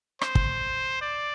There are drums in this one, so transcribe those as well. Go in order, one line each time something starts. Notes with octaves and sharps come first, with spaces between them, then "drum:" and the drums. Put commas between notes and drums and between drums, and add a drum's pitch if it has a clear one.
C5, drum: rim click
drum: kick
D5